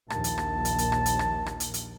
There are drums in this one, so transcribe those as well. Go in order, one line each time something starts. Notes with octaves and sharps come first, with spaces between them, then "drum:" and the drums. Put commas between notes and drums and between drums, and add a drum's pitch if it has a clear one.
A#1 D#2 A5, drum: rim click
drum: hi-hat
drum: rim click
drum: hi-hat
drum: hi-hat
drum: rim click
drum: hi-hat
drum: rim click
drum: rim click
drum: hi-hat
drum: hi-hat